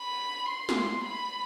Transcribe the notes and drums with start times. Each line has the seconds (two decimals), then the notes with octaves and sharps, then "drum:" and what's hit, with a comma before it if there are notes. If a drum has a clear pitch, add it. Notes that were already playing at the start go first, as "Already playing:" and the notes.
Already playing: B5
0.48 C6
0.69 drum: snare
1.04 B5